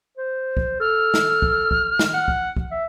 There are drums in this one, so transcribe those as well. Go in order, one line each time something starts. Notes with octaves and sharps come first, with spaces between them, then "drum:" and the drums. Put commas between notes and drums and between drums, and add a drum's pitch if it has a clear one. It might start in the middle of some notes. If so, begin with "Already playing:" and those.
C5
drum: kick
A4 F6
drum: snare
drum: kick
drum: kick
drum: snare
F#5
drum: kick
drum: kick
E5